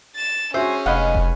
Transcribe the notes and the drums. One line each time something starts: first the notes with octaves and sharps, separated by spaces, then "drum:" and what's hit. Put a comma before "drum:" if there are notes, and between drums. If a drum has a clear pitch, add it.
A6 E7
C#4 F#4 G#4 C5 E5
F1 B3 D#5 F5 F#5 B5
drum: kick